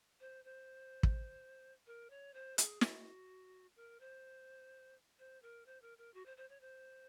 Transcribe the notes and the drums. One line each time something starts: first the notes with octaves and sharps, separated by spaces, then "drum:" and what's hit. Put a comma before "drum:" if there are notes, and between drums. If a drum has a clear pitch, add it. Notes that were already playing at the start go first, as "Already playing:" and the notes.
C5
C5
drum: kick
A#4
C#5
C5
G#4, drum: hi-hat
F#4, drum: snare
A#4
C5
C5
A#4
C5
A#4
A#4
F#4
C5
C5
C#5
C5